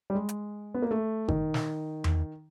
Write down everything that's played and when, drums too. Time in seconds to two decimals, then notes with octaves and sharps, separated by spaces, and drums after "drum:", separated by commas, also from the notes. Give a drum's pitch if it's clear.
0.10 G3
0.15 G#3
0.29 drum: hi-hat
0.74 B3
0.82 A#3
0.91 A3
1.28 D#3, drum: kick G1
1.54 drum: snare
2.04 drum: tom E2